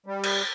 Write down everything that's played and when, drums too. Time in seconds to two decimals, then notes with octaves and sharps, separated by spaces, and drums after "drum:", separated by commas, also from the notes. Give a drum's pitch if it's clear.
0.06 G3
0.23 drum: cymbal